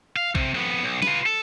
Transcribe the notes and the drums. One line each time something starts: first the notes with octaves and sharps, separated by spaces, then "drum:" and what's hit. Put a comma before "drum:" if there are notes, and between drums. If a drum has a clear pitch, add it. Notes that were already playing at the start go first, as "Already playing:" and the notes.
F5
C3, drum: kick A#1
F2 B3
B1
F4 B4, drum: snare
A4